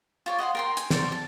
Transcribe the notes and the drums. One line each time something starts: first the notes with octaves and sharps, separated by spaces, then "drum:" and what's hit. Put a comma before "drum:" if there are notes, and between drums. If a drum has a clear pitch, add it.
F4 C#5 D5
D#5 F#5 A5 C6
A#4 G5 C6
G#5, drum: hi-hat
F#4 A#4 C5 D5, drum: snare
A5